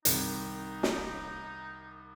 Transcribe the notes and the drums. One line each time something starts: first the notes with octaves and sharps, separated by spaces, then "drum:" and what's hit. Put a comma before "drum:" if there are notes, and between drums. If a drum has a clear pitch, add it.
C2 D#3 D#4, drum: hi-hat
drum: snare